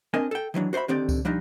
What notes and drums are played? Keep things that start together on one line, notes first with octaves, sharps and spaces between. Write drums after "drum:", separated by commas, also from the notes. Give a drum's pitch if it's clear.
C4 D4 A#4 D#5 G#5
A4 G5
D#3 E3 F#3 D4
F#4 C5 D5 E5 B5
D3 D#3 C4 G4 D5
drum: kick C#2, tambourine
F3 G3 D4 D#4